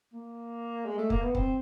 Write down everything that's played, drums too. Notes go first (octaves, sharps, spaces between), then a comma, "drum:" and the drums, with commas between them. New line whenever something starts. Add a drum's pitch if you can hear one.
A#3
G#3
A3
A#3, drum: kick
B3
C4, drum: kick